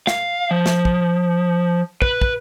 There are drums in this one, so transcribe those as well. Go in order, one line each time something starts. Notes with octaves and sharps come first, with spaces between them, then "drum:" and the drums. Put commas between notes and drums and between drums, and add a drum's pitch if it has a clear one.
F5, drum: snare
F3
drum: snare
drum: kick
B4, drum: kick
drum: kick